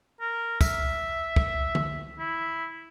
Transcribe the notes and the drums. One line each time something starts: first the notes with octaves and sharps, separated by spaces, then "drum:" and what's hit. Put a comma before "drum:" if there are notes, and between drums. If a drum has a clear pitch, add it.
A#4
E5, drum: kick, tambourine
drum: kick
drum: tom D3
E4